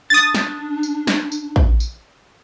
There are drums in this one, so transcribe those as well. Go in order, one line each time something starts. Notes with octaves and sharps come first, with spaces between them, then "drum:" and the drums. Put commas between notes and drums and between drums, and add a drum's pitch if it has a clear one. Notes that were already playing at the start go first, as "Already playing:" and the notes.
D4 D#6 A6
drum: snare
drum: tambourine
drum: snare
drum: tambourine
drum: kick A1
drum: tambourine